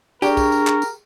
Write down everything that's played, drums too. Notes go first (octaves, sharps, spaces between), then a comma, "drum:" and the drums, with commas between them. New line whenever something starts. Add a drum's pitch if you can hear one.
D4 G4 G#4 A#4 C#6, drum: tambourine
drum: kick B1, tambourine
drum: tambourine
drum: clap
drum: tambourine